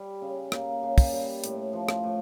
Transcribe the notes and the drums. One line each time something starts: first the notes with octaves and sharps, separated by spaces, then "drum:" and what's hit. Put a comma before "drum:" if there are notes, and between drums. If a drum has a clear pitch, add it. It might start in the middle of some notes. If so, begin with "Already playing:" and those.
Already playing: G3
C#3
A#3, drum: rim click
C#3
drum: kick, open hi-hat
G3
A2, drum: hi-hat
F3
drum: rim click
A2